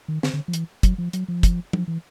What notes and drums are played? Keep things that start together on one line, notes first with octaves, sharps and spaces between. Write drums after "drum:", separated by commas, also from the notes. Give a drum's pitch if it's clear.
D#3
D3, drum: snare
D3
F3
E3, drum: hi-hat
F#3, drum: kick, hi-hat
F3
F#3, drum: hi-hat
F3
drum: kick, hi-hat
F3, drum: tom
E3